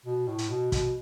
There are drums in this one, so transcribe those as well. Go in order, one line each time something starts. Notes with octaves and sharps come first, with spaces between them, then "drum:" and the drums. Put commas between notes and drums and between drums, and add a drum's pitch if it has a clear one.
B2
A2
drum: hi-hat
B2
B2, drum: kick, hi-hat